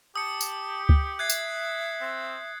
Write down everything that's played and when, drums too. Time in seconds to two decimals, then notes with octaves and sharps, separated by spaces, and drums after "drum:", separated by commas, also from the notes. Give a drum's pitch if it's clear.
0.16 G4 A5 D#6 C#7
0.41 drum: tambourine
0.89 drum: kick C#2
1.19 E5 F#6 G#6 C7
1.30 drum: tambourine
2.01 C4